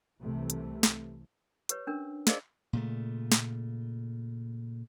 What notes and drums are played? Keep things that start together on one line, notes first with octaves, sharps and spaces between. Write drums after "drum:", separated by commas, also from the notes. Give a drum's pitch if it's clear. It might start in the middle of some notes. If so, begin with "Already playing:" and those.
C2 C3 E3 A3
drum: hi-hat
drum: snare
G4 B4 C#5, drum: hi-hat
C#4 D4 A#4
G#4 A#4 C5 D5 D#5 F5, drum: snare
A#2 C#3 A3
drum: snare